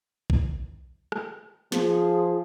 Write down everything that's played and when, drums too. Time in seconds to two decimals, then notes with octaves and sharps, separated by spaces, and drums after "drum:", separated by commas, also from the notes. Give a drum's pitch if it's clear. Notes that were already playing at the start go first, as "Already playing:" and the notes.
0.30 drum: kick A#1
1.12 drum: rim click
1.72 F3 G#4, drum: snare